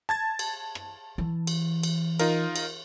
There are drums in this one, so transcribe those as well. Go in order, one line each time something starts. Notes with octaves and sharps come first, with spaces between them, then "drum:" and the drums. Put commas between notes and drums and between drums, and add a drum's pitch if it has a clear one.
A5 G#6 A6
drum: cymbal
drum: rim click
E3
drum: cymbal
drum: cymbal
D#4 F4 A#4, drum: cymbal
drum: cymbal